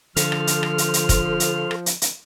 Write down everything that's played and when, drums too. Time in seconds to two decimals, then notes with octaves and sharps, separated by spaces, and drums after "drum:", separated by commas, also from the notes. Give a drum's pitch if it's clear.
0.16 D3 F3 A4 C6 F6, drum: hi-hat
0.32 drum: rim click
0.47 drum: hi-hat
0.63 drum: rim click
0.78 drum: hi-hat
0.94 drum: hi-hat
1.09 drum: kick, hi-hat
1.40 drum: hi-hat
1.71 drum: rim click
1.86 drum: hi-hat
2.02 drum: hi-hat